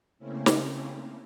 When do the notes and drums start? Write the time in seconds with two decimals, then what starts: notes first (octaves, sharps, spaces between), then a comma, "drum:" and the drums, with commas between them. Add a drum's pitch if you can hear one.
0.19 C#3 A3 A#3 C4 C#4 E4
0.46 drum: snare